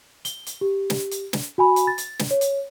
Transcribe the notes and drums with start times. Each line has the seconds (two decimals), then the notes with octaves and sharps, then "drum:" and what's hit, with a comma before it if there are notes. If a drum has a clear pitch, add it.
0.25 G7, drum: hi-hat
0.47 drum: hi-hat
0.61 G4
0.90 drum: snare
1.11 drum: hi-hat
1.33 drum: snare
1.58 F#4 G#5 B5
1.76 drum: hi-hat
1.87 A6
1.98 drum: hi-hat
2.19 drum: snare
2.31 C#5
2.41 drum: hi-hat